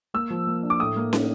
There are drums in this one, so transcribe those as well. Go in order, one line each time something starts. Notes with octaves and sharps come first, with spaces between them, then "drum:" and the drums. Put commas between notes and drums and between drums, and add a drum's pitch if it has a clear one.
A#3 E6
F3
A#3
D4
D6
A2 D#6
A#3
D#4, drum: snare